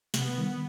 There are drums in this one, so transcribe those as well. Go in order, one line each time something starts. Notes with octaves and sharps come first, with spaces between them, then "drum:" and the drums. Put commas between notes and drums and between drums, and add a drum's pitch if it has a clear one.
C3 B3, drum: snare
D#3 G3